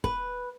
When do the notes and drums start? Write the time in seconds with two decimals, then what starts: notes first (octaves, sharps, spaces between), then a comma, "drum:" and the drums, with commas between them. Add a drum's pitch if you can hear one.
0.04 B4, drum: kick